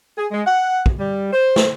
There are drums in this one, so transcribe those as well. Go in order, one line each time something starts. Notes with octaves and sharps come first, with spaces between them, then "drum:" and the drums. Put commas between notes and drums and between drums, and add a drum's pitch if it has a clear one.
G#4
G#3
F#5
drum: kick
G3
C5
drum: snare